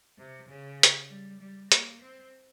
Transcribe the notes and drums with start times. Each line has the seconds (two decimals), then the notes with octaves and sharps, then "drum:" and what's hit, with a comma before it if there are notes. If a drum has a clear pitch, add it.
0.18 C3
0.49 C#3
0.83 drum: hi-hat
1.10 G3
1.41 G3
1.72 A#3, drum: hi-hat
2.02 C4